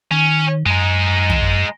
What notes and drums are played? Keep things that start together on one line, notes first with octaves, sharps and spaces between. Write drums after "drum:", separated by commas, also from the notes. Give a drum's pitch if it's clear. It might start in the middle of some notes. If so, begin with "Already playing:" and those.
D#3 C#4
F#2 G#3 D#4
drum: tom
F#2